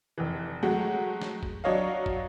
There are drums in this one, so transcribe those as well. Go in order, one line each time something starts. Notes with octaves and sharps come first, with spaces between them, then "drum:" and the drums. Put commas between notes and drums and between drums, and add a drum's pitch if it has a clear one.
F1 E3
F#3 G#3 A3 F#4 G4
drum: snare
drum: kick
F#3 D4 C#5 D#5 F5
drum: kick